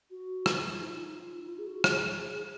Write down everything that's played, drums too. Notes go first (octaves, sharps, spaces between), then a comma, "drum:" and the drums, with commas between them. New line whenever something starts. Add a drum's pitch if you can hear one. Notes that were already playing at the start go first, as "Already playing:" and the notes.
F#4
F4, drum: rim click
D#4
F4
D#4
F4
D#4
F4
G#4
F#4
G#4, drum: rim click